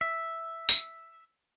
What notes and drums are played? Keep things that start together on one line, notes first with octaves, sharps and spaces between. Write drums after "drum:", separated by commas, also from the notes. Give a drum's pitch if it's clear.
E5
drum: tambourine